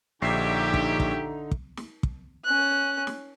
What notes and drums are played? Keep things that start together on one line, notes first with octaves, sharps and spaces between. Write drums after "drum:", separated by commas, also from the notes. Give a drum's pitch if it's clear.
A#1 D3 D#4 G4 C#5 E5 C#6 C7
drum: kick
drum: kick
drum: kick
drum: snare
drum: kick
C#4 F#6
drum: snare